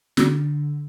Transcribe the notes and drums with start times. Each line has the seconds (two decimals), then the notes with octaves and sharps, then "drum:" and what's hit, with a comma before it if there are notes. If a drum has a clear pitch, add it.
0.17 D3, drum: snare